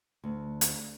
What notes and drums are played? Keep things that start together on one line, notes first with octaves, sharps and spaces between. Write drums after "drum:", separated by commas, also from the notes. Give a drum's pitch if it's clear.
D2
drum: hi-hat